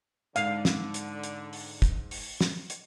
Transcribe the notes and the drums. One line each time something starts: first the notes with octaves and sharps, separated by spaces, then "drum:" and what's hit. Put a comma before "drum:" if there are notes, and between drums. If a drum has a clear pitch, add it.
G#2 D3 F5 D#7, drum: hi-hat
drum: snare
drum: hi-hat
drum: hi-hat
drum: open hi-hat
drum: kick, hi-hat
drum: open hi-hat
drum: snare
drum: hi-hat